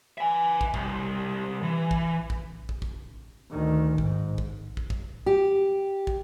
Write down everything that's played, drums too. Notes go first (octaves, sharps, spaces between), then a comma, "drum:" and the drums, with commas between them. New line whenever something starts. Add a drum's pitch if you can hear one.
E5 G#5
drum: kick
C2, drum: kick
E3
drum: kick
drum: kick
drum: kick
drum: kick
D2 D#3
G#2, drum: kick
drum: kick
drum: kick
drum: kick
G4
drum: kick